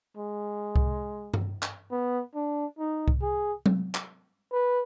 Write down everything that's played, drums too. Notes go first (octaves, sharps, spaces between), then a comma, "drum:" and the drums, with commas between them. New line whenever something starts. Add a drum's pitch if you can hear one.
G#3
drum: kick C2
drum: tom G2
drum: clap
B3
D4
D#4
drum: kick C2
G#4
drum: tom F#3
drum: clap
B4